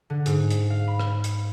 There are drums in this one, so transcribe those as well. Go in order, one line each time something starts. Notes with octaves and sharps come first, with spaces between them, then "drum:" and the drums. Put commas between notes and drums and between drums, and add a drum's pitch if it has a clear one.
D3
G#2, drum: hi-hat
drum: hi-hat
F5
B5
drum: rim click
drum: hi-hat